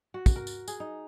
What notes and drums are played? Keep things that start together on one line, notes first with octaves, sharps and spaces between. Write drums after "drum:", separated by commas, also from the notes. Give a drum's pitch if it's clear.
F#4
drum: kick, tambourine
A#4
drum: tambourine
G#4, drum: tambourine
D#4